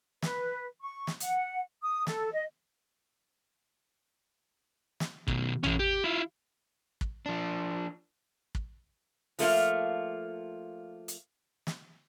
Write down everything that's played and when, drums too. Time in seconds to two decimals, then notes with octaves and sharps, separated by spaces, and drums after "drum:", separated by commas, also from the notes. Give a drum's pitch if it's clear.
0.22 B4, drum: snare
0.82 C#6
1.07 drum: snare
1.20 F#5, drum: hi-hat
1.82 D#6
2.07 A4, drum: snare
2.32 D#5
5.00 drum: snare
5.28 B2 D#3, drum: kick
5.63 E3 C#4, drum: tom A1
5.79 G4
6.04 E4 F4
7.01 drum: kick
7.26 F3 D4
8.55 drum: kick
9.39 F3 A3 A#3 F4, drum: open hi-hat
11.08 drum: hi-hat
11.67 drum: snare